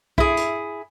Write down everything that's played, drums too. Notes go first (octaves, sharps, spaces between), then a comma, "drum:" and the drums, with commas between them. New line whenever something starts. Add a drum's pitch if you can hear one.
E4 G#4, drum: kick
drum: hi-hat